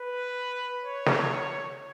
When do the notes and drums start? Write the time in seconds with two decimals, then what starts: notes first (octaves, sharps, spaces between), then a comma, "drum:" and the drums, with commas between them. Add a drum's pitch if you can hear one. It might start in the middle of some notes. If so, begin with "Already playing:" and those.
Already playing: B4
0.84 C#5
1.06 drum: snare